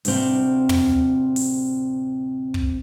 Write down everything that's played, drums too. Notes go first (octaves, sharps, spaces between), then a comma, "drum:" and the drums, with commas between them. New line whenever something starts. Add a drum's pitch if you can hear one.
D2 A2 C3 C4 F5, drum: open hi-hat
drum: tom
drum: open hi-hat
drum: kick